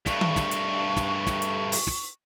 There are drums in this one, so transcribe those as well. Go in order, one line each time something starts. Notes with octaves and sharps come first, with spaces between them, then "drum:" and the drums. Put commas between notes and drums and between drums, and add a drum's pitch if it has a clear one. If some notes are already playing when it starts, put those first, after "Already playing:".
G2 A3 C#6, drum: snare
drum: tom D#3
drum: snare
drum: hi-hat
drum: snare
drum: snare
drum: hi-hat
drum: open hi-hat
drum: snare